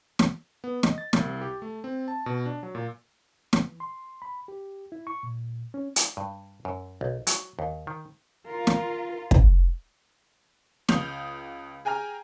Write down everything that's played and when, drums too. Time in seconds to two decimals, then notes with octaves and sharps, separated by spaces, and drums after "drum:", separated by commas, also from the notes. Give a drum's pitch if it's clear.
0.19 drum: snare
0.64 B3
0.83 D#5, drum: snare
0.98 A6
1.13 C2, drum: snare
1.41 G4
1.62 A3
1.84 C4
2.08 A5
2.26 B2
2.46 D4
2.63 F#3
2.75 A#2
3.53 E3, drum: snare
3.80 C6
4.22 B5
4.48 G4
4.92 E4
5.07 C#6
5.23 A#2
5.74 C#4
5.96 drum: hi-hat
6.17 G2
6.65 F#2
7.01 B1
7.27 F#3, drum: hi-hat
7.59 D#2
7.87 D#3
8.47 F4 A#4
8.67 drum: snare
9.31 drum: kick
10.89 C#2 D#6 G6 F7 F#7, drum: snare
11.85 G#4 G5 G#5 A#5 F6